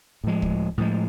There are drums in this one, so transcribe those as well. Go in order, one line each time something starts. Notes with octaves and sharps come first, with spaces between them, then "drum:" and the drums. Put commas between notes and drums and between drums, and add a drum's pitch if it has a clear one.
A2 F3 G#3
drum: kick
A2 F3 G#3